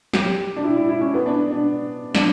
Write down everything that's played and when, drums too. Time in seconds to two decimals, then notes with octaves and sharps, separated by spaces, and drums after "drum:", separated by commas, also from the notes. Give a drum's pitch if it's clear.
0.13 G4, drum: snare
0.56 D4
0.64 E4
0.76 E4
0.89 E4
1.01 C#4
1.14 B3
1.26 D4
1.51 D4
2.15 D4, drum: snare